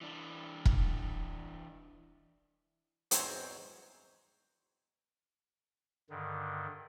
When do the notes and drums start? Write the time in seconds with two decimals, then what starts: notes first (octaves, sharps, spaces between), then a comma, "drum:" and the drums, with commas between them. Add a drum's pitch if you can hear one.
0.01 E3 D4
0.65 drum: kick E1
3.11 E2 G#2 F#3 C4 C5 C#5, drum: hi-hat
6.10 G2 D3 D#3